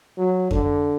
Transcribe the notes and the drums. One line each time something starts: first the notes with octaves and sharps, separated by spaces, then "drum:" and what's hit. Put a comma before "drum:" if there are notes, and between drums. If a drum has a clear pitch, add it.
F#3
D3, drum: kick F2